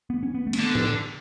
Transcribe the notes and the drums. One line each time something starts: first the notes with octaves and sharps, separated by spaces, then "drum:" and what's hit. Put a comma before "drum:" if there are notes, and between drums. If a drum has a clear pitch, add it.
B3
C#4
B3
A3
C#4, drum: cymbal
D3 B3
drum: tom A2